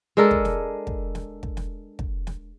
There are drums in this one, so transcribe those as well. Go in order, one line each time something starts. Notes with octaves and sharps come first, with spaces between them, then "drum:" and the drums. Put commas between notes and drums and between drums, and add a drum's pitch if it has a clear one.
G#3 D4 A4 A#4
drum: kick
drum: snare
drum: kick
drum: snare
drum: kick
drum: snare
drum: kick
drum: snare